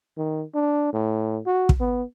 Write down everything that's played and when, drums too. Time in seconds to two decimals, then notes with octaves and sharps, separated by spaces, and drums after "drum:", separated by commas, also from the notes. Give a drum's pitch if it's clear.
0.18 D#3
0.55 D4
0.93 A2
1.46 F#4
1.69 drum: kick
1.80 B3